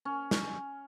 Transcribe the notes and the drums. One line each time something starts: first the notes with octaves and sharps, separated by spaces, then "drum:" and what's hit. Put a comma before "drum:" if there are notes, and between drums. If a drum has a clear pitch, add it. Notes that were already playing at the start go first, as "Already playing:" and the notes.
C#4
drum: snare